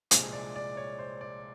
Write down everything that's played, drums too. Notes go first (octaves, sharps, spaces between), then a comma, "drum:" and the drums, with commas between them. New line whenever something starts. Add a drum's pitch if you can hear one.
C2 A#2 F3 G#3, drum: hi-hat
D5
D5
C#5
C5
D5